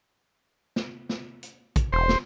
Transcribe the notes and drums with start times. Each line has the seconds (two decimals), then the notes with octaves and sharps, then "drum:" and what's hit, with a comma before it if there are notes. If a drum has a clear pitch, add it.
0.76 drum: snare
1.09 drum: snare
1.43 drum: hi-hat
1.76 drum: kick, hi-hat
1.92 E1 C5
2.09 drum: snare